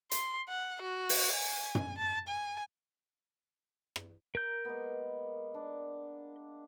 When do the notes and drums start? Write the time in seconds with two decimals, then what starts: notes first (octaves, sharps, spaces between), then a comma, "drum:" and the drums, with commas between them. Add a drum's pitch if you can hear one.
0.11 C6, drum: hi-hat
0.49 F#5
0.82 F#4
1.09 drum: open hi-hat
1.34 G#5
1.75 drum: tom
1.98 A5
2.28 G#5
3.96 drum: rim click
4.35 A#4 A#5 G6
4.65 G#3 A#3 B3
5.54 D4